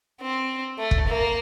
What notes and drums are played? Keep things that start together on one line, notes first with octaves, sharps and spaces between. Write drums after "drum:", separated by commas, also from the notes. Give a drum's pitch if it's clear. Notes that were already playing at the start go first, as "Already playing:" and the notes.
C4
A3
drum: kick
A#3